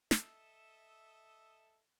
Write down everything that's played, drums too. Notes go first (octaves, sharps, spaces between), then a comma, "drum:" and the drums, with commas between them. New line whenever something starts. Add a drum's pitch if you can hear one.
A4 D#5 E5, drum: snare